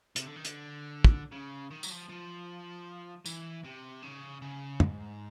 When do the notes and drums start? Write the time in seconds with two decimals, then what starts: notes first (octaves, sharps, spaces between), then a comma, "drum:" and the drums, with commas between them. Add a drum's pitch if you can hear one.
0.16 C3, drum: hi-hat
0.26 D3
0.36 D#3
0.45 D3, drum: hi-hat
1.05 drum: kick
1.32 C#3
1.71 D#3
1.83 F#3, drum: tambourine
1.91 F3
2.09 F3
3.26 E3, drum: tambourine
3.64 C3
4.02 C#3
4.42 C#3
4.80 G#2, drum: tom